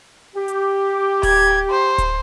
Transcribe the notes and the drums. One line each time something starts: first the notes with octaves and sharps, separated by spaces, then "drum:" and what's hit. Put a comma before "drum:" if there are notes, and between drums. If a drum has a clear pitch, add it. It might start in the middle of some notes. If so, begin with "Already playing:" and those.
G4
drum: hi-hat
G#6, drum: kick D1, open hi-hat
C5
drum: kick D1, hi-hat